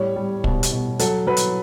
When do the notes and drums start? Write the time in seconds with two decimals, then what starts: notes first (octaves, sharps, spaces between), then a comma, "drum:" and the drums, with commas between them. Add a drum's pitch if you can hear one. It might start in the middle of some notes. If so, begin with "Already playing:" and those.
Already playing: A2 G3 C#5
0.16 G3
0.44 B2, drum: kick
0.63 drum: hi-hat
0.72 B2
0.99 F#3 A4, drum: hi-hat
1.27 F#3 B4
1.37 drum: hi-hat